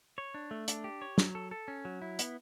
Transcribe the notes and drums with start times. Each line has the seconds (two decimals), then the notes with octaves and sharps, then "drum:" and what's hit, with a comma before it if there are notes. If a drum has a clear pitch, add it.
0.18 C#5
0.34 D4
0.51 A3
0.68 D4, drum: hi-hat
0.84 G4
1.02 C#5
1.18 F#3, drum: snare
1.35 A4
1.51 A4
1.68 C#4
1.85 F#3
2.02 E4
2.19 B3, drum: hi-hat